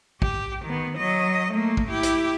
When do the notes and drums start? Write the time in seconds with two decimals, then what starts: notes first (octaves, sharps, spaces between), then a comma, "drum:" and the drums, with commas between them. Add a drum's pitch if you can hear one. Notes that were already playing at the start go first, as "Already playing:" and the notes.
0.22 G4, drum: kick
0.65 D#3 B3
0.98 F#3 D#5
1.52 A3 A#3
1.77 drum: kick
1.90 E4 G4
2.03 drum: hi-hat